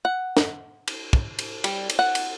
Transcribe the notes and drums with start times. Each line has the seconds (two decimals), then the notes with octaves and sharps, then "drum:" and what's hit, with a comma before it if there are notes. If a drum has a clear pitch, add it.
0.05 F#5
0.37 drum: snare
0.88 drum: cymbal
1.13 drum: kick
1.39 drum: cymbal
1.64 G3, drum: cymbal
1.90 drum: cymbal
1.99 F#5
2.15 drum: cymbal